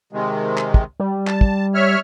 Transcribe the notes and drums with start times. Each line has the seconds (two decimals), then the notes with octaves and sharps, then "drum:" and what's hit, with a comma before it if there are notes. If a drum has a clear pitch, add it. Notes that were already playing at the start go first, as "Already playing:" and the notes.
0.13 C3 D#3 G#3
0.58 drum: clap
0.74 drum: kick
1.00 G3
1.27 A5, drum: clap
1.41 drum: kick
1.75 C#5 E5 F6